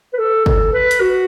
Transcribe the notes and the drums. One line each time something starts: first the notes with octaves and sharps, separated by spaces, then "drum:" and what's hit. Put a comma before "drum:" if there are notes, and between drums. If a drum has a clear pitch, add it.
B4
A4
A4, drum: kick
B4
drum: hi-hat
F#4